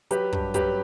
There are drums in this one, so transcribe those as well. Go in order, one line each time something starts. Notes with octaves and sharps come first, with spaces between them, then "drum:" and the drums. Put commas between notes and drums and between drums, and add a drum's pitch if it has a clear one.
F#3 G4 B4, drum: hi-hat
G2, drum: kick
F#3 G4 B4, drum: kick, hi-hat